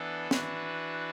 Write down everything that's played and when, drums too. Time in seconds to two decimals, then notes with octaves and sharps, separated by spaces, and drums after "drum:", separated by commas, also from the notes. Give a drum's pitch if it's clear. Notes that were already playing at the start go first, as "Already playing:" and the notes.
Already playing: E3 B3 D4 A4
0.31 E3 D4 F#4 B4, drum: snare